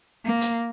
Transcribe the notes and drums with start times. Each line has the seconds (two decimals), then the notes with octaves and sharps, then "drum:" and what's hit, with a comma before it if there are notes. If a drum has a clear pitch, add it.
0.24 A#3
0.41 drum: hi-hat